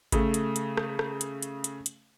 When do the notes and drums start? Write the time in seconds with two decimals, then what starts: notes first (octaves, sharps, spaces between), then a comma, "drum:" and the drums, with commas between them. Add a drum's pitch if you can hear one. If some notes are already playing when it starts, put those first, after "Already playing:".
0.12 C#3 A3, drum: kick G#1, hi-hat
0.34 drum: hi-hat
0.56 drum: hi-hat
0.77 drum: rim click
0.99 drum: rim click
1.21 drum: hi-hat
1.42 drum: hi-hat
1.64 drum: hi-hat
1.86 drum: hi-hat